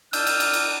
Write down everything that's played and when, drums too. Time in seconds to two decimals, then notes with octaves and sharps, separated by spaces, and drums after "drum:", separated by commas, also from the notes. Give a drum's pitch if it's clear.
0.13 D4 E6 F6 G6, drum: cymbal
0.27 drum: cymbal
0.40 drum: cymbal
0.53 drum: cymbal